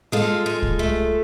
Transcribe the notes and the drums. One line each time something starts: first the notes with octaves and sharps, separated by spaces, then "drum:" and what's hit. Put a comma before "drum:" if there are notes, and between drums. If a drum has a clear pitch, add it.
G#3 F4 A4
G#3
drum: kick C2
A3